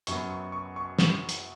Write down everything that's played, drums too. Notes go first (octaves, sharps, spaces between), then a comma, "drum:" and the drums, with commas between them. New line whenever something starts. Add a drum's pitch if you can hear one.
F#2 F#3 B3 C#6, drum: hi-hat
C#6
C#6
C#6
C#6, drum: snare
drum: hi-hat